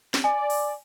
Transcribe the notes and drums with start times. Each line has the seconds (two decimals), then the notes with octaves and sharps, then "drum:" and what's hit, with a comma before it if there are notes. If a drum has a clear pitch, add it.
0.14 drum: snare
0.24 D5 G#5
0.50 drum: open hi-hat